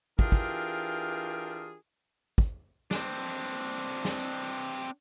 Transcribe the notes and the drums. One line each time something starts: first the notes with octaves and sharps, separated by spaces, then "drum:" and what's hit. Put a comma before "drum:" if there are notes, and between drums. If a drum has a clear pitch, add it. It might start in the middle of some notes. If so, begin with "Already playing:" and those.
E3 D4 F4 G4 G#4 A#4, drum: kick
drum: kick
drum: kick
C4 D4, drum: snare
drum: snare
drum: hi-hat